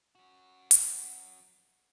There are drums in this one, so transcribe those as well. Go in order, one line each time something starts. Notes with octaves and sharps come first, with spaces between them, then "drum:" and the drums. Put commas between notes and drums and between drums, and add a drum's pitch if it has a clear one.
C#4 F#4
drum: hi-hat